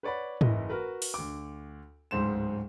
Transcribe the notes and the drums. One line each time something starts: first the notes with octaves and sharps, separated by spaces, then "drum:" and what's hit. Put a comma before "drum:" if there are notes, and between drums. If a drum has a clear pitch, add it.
B4 C#5 D5 F#5 B5
F#1 E3 E4 D#5, drum: tom G#2
F#4 A#4 B4
drum: open hi-hat
D2 D6
D1 C#2 G#2 C5 E7